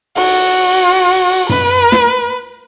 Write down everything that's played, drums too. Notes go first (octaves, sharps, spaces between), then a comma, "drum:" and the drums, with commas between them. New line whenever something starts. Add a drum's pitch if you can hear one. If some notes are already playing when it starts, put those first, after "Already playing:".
F#4, drum: cymbal
B4, drum: tom F#2
drum: snare